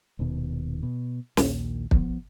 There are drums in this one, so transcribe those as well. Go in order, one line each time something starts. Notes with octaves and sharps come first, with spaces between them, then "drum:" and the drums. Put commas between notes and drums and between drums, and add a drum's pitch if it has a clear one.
D#1 D#2 B2 D#3
B2
A#1 D#2 A#2 D#3, drum: snare
F3 B3, drum: kick